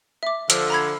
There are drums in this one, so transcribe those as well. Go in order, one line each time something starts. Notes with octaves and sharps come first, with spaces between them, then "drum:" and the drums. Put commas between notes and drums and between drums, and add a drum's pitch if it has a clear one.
E5 D6
D3 F3 E6, drum: hi-hat
A#5 B5 G#6